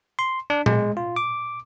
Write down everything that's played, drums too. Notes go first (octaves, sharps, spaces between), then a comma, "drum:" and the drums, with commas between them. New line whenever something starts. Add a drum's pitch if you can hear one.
C6
D4
G#3, drum: tom A#2
F4
D6